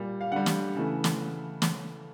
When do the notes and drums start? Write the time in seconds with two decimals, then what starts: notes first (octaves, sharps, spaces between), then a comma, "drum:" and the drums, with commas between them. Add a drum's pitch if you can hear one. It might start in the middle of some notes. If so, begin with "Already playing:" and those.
Already playing: A#2 G3
0.21 F5
0.32 D3 G3 F#5
0.46 drum: snare
0.75 C#3 E3 A3
1.04 drum: snare
1.62 drum: snare